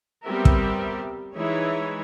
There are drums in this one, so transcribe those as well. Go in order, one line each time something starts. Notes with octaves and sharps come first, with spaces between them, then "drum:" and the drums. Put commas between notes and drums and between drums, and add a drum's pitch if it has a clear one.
G3 B3 C4 G4 A#4 E5
drum: kick
E3 G#3 D#4 E4 C#5 E5